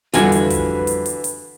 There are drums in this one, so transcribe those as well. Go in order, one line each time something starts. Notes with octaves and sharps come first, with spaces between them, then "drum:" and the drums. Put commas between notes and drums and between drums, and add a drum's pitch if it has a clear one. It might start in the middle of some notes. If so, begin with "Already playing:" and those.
F2 D3 E3 G3 F4 F#4 B4 G#5, drum: hi-hat
drum: hi-hat
drum: kick, hi-hat
drum: hi-hat
drum: hi-hat
drum: hi-hat